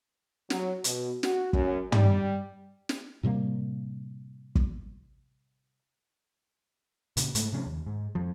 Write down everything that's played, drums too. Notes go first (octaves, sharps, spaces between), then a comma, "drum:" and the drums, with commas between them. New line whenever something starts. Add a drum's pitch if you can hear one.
F#3, drum: snare
B2, drum: hi-hat
F#4, drum: snare
F#2, drum: kick
G3, drum: tom
drum: snare
A2 C3 G3 A#3
drum: kick
A#2 C#3, drum: hi-hat
G#2 G#3 A3, drum: hi-hat
C3 F3 C#4
D#2
G#2
F2 F3